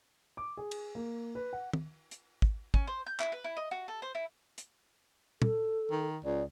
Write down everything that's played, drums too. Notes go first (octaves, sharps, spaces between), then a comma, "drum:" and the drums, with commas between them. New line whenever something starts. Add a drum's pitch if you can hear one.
D6
G#4
drum: cymbal
A#3
B4
F#5
drum: tom
drum: hi-hat
drum: kick
C#4, drum: kick
C5
G6
E4, drum: clap
B4
E4
D#5
F#4
A4
C5
E4
drum: hi-hat
A4, drum: tom
D#3
C#2 D5